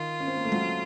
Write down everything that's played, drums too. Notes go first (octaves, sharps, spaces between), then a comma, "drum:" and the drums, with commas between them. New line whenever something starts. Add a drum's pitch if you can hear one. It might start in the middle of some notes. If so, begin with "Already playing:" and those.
Already playing: D#3 F4
C#4
C4
A#3
A3
F#3, drum: tom G#3